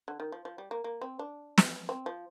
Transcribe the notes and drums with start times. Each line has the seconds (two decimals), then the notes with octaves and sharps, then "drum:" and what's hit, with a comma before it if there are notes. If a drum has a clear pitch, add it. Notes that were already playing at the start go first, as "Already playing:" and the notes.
0.08 D3
0.20 D#3
0.32 F3
0.45 F3
0.58 G3
0.71 A#3
0.84 A#3
1.02 C4
1.19 D4
1.58 drum: snare
1.89 C4
2.06 F3